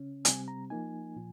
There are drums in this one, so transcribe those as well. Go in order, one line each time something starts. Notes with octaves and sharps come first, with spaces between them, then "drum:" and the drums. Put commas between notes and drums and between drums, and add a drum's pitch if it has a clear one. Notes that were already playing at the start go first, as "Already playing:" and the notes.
Already playing: C#3 C#4
C3 G3 C4 G#5, drum: hi-hat
A#5
F3 A#3 D#4 G#5
A#2 F3